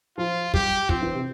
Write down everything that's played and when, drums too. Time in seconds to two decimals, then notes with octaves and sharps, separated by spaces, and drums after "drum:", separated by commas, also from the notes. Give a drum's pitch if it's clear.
0.18 F3 F4
0.54 G3 G4, drum: kick
0.89 F3 C4, drum: kick
1.02 E3
1.14 C3